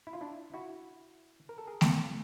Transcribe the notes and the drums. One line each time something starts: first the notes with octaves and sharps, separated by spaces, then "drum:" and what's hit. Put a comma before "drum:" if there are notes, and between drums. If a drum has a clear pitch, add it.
E4
F4
D4 E4
E4 F#4
A#4
A4
G#4 A#4
drum: snare A3